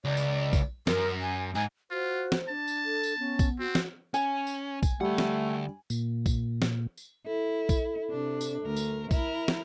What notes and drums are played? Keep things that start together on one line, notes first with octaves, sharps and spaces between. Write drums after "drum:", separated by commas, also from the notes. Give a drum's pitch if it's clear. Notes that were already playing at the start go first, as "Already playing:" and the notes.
C#2 D5
drum: tambourine
drum: kick A#1, tambourine
F#2 A#4, drum: snare
G#5
G#2 G#5
F4 F#4 C5
drum: snare
D4 A5
drum: tambourine
A4
drum: tambourine
B3 C#4
drum: kick A#1, tambourine
C4 F#4
drum: snare
C#4 G#5, drum: tambourine
drum: tambourine
drum: kick A#1, tambourine
D2 G3 A3 F#5
drum: snare
A#2, drum: tambourine
drum: kick A#1, tambourine
drum: snare
drum: tambourine
E4 A4
drum: kick A#1, tambourine
C3 D4
drum: tambourine
D2 A#4
drum: tambourine
E4 A#4, drum: kick A#1, tambourine
drum: snare